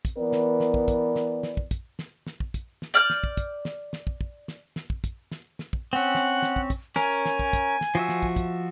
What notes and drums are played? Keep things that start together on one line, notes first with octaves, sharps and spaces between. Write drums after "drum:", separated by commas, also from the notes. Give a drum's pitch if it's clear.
drum: kick, hi-hat
E3 B3 A#4 D5
drum: snare
drum: snare
drum: kick
drum: kick, hi-hat
drum: snare
drum: snare
drum: kick
drum: kick, hi-hat
drum: snare
drum: snare
drum: kick
drum: kick, hi-hat
drum: snare
D5 F6 G6
drum: snare
drum: kick
drum: kick, hi-hat
drum: snare
drum: snare
drum: kick
drum: kick
drum: snare
drum: snare
drum: kick
drum: kick, hi-hat
drum: snare
drum: snare
drum: kick
C4 C#4 F#5
drum: snare
drum: snare
drum: kick
drum: kick, hi-hat
C#4 A#4 G#5, drum: snare
drum: snare
drum: kick
drum: kick, hi-hat
drum: snare
F3 F#4 E5
drum: snare
drum: kick
drum: kick, hi-hat